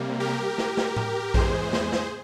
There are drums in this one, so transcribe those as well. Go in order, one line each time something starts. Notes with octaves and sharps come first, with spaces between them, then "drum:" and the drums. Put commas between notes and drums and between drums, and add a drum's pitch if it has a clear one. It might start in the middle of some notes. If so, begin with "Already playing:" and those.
Already playing: C3 G3 A#3
G4 A#4
drum: snare
drum: snare
drum: tom A2
E2 E3 G#3 G#4 C5, drum: kick A#1
drum: snare
drum: snare